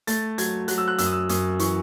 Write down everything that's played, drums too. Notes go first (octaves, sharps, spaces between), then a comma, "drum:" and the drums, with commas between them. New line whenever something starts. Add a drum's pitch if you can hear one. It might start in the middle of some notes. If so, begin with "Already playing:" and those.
A3 A6, drum: hi-hat
F#3 G#6, drum: hi-hat
F#3 F#6, drum: hi-hat
E6
F#6
F#2 E6, drum: hi-hat
D#6
E6
F#2 D#6, drum: hi-hat
E3 C#6, drum: hi-hat